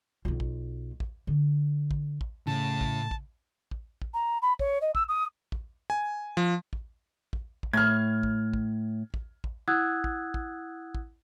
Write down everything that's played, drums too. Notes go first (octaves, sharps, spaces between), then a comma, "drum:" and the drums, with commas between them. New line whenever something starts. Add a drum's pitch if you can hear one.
B1 F4
drum: kick
drum: kick
D3
drum: kick
drum: kick
A2 C#3 A5
drum: kick
drum: kick
drum: kick
drum: kick
A#5
B5
C#5, drum: kick
D#5
E6, drum: kick
D#6
drum: kick
G#5
F3
drum: kick
drum: kick
drum: kick
A2 F6 G#6
drum: kick
drum: kick
drum: kick
drum: kick
E4 F#5 D#6 E6 F#6 G#6
drum: kick
drum: kick
drum: kick